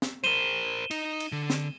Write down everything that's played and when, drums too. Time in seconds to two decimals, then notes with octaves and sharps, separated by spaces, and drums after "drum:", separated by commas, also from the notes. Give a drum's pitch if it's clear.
0.02 drum: snare
0.24 A#4 C5 D#7 E7 G7
0.91 D#4, drum: cymbal
1.20 drum: cymbal
1.32 D3
1.50 drum: snare